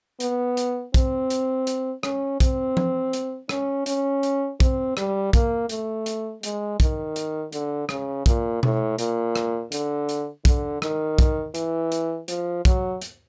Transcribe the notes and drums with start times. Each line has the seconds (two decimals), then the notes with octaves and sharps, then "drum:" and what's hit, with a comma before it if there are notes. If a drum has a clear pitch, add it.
0.20 B3, drum: hi-hat
0.57 drum: hi-hat
0.94 C4, drum: kick, hi-hat
1.30 drum: hi-hat
1.67 drum: hi-hat
2.03 C#4, drum: rim click
2.40 C4, drum: kick, hi-hat
2.77 drum: tom F3
3.13 drum: hi-hat
3.49 C#4, drum: rim click
3.86 C#4, drum: hi-hat
4.23 drum: hi-hat
4.60 C4, drum: kick, hi-hat
4.97 G3, drum: rim click
5.33 A#3, drum: kick, hi-hat
5.69 A3, drum: hi-hat
6.06 drum: hi-hat
6.43 G#3, drum: hi-hat
6.80 D#3, drum: kick, hi-hat
7.16 drum: hi-hat
7.53 D3, drum: hi-hat
7.89 C#3, drum: rim click
8.26 A#2, drum: kick, hi-hat
8.63 A2, drum: tom B2
8.98 A#2, drum: hi-hat
9.36 drum: rim click
9.72 D3, drum: hi-hat
10.09 drum: hi-hat
10.45 D3, drum: kick, hi-hat
10.82 D#3, drum: rim click
11.19 drum: kick, hi-hat
11.55 E3, drum: hi-hat
11.92 drum: hi-hat
12.28 F3, drum: hi-hat
12.65 F#3, drum: kick, hi-hat
13.02 drum: hi-hat